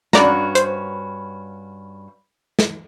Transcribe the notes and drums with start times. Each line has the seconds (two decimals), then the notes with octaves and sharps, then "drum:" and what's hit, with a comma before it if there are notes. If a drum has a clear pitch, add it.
0.13 G2 C#4 F#4 D5 A#5, drum: snare
0.55 C5, drum: hi-hat
2.59 drum: snare